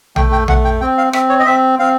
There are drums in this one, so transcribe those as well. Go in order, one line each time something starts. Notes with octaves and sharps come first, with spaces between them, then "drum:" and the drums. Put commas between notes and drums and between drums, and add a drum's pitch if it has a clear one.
A3 G5, drum: tom A#1
G5
A3 F#5, drum: tom A#1
G5
C4 G5
F5
C4 E5, drum: rim click
C#5
D#5
C4 E5
C4 F5